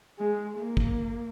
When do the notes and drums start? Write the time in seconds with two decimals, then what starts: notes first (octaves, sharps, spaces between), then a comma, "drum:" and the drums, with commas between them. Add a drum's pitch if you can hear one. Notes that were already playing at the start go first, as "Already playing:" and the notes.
0.19 G#3
0.58 A#3
0.77 drum: kick